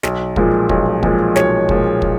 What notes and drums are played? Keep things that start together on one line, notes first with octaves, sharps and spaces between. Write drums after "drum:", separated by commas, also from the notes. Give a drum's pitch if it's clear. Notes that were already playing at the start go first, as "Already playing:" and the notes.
B1, drum: snare
A#2 F3 G#3, drum: kick
B1, drum: kick
A#2 F3 G#3, drum: kick
B1 C#5, drum: snare
A#2 F3 G#3, drum: kick
drum: kick